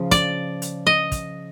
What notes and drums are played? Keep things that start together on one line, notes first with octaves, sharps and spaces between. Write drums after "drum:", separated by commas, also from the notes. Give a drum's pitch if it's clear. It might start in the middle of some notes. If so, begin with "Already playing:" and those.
Already playing: C#3 F3
D5, drum: kick, hi-hat
drum: hi-hat
D#5
drum: kick, hi-hat